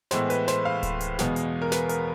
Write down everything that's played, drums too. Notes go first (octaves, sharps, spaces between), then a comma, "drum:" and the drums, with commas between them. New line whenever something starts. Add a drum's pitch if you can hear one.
A2 E3 G#3 B3 C5, drum: snare
B4, drum: hi-hat
C5, drum: snare
F5
drum: kick D1, hi-hat
drum: hi-hat
E2 B2 G#3 B3, drum: snare
drum: hi-hat
A#4
B4, drum: snare
A#4, drum: hi-hat